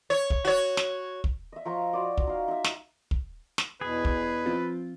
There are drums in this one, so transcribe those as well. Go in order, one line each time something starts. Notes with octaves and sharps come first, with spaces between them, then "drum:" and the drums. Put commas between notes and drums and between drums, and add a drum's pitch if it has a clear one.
C#5
drum: kick
F#4 C#5
drum: snare
drum: kick
D#5 E5
F3 A#5 C#6
F#4 C5 D5
drum: kick
D#4 F5
D#4 E5
drum: snare
drum: kick
drum: snare
E2 B2 G#4 B4
drum: kick
F3 C4 F4